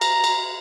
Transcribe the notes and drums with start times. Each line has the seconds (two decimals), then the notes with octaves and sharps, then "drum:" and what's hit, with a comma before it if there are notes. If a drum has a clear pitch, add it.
0.01 A#5, drum: cymbal
0.24 drum: cymbal